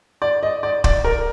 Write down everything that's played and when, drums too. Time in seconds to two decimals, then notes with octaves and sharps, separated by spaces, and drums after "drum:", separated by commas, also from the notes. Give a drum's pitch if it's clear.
0.22 D5
0.43 D#5
0.63 D5
0.84 D5, drum: kick
1.04 A#4